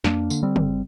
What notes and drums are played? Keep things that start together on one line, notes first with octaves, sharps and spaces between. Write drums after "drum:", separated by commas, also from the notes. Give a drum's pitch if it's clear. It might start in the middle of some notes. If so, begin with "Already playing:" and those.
F2 A#3 D4, drum: snare
D3, drum: tambourine
G3 C4
G1, drum: tom C#3